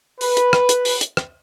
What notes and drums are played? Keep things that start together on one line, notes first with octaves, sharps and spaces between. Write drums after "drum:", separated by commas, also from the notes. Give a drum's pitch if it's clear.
B4, drum: open hi-hat
drum: hi-hat
drum: rim click
drum: hi-hat
drum: open hi-hat
drum: hi-hat
drum: rim click